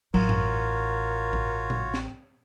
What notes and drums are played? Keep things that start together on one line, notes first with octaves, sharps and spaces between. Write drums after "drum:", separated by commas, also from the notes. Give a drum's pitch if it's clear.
A1 F#3 F4 F#4 A#4 C#5, drum: cymbal
drum: tom F#2
drum: kick
drum: tom A#2
drum: snare